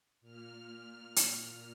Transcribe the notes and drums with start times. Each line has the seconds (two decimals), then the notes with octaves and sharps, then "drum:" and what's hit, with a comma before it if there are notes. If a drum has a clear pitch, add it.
0.21 A#2 F6
1.16 drum: hi-hat